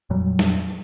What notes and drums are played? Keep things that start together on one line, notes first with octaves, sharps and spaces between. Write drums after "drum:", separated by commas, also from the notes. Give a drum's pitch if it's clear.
F2 A#2 F#3 G3
drum: snare